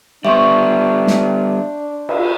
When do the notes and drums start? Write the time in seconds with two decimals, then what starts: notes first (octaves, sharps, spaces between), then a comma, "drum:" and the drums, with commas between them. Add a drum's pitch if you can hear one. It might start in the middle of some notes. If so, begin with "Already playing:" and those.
0.25 G3 B3 D4 C5 E5 C#6 D6
1.07 drum: snare
2.09 drum: cymbal